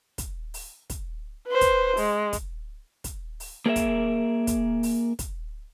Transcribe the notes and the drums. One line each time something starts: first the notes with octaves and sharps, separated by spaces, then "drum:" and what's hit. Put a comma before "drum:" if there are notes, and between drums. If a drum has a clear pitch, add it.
drum: kick, hi-hat
drum: open hi-hat
drum: kick, hi-hat
B4 C5
drum: kick, hi-hat
G#3, drum: open hi-hat
drum: kick, hi-hat
drum: kick, hi-hat
drum: open hi-hat
A#3 G#4 A#4 D5 E5
drum: kick, hi-hat
drum: kick, hi-hat
drum: open hi-hat
drum: kick, hi-hat